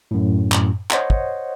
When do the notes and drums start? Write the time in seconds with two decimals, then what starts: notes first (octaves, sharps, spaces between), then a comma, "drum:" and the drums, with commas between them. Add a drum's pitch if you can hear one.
0.11 F#2 A2
0.52 drum: clap
0.91 C5 C#5 D#5 F#5, drum: clap
1.10 drum: kick